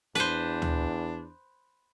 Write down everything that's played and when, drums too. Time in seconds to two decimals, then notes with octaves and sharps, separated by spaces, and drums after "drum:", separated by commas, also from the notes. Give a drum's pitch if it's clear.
0.15 E2 D4 B4 C5, drum: hi-hat
0.62 drum: tom